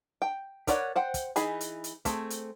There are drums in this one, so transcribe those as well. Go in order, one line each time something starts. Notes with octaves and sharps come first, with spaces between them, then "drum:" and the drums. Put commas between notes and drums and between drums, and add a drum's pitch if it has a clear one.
G5
A#4 B4 C#5 D5 F#5, drum: kick, hi-hat
C5 F#5 G5
drum: kick, hi-hat
E3 D#4 G#4 G#5 B5, drum: hi-hat
drum: hi-hat
drum: hi-hat
A3 C4 G#4, drum: kick, hi-hat
drum: hi-hat